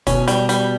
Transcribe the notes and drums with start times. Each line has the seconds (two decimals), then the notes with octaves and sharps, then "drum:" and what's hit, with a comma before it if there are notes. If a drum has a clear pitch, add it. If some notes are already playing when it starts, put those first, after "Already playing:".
0.07 B2 C#4, drum: kick, hi-hat
0.28 G3, drum: hi-hat
0.49 G3, drum: hi-hat